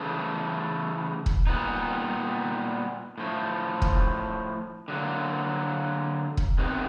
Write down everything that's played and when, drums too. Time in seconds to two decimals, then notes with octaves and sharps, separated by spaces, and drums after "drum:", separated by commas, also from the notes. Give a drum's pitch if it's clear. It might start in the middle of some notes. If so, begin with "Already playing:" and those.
Already playing: C#3 E3 A3
1.26 drum: kick
1.47 A#2 G3 B3 D#4
3.18 A2 F3 A3
3.82 drum: kick
4.88 D3 F#3 A#3
6.37 drum: kick
6.59 C3 D#3 F#3 B3